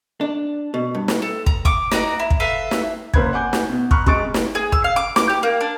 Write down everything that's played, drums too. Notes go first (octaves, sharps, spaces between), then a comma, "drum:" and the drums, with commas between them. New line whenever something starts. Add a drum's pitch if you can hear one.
D4
B2
G2
drum: snare
A4
A#5, drum: kick
C#6 D6, drum: kick
D#4 F#4 D5 A#5, drum: snare
E4
drum: kick
A4 B4 E5 F5
drum: snare
F#1 C3 C5 B5 F#6 G#6, drum: kick
F#5 G#5 D6 G6
drum: snare
B2
A#5 B5 C#6 F6 F#6, drum: kick
C3 G#3 C#6 A6 D7, drum: kick
drum: snare
G#4
E6, drum: kick
F5
D6
D6, drum: snare
G4
A#3
D4